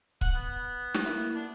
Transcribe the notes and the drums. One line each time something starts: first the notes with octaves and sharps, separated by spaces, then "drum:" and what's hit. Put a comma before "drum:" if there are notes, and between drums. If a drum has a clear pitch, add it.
F#5, drum: kick C#1
B3
drum: snare
A#3 E4
D4